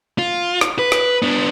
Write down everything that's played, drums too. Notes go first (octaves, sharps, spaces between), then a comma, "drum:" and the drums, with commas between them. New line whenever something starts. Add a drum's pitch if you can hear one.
F4
drum: rim click
B4
drum: rim click
B3 D4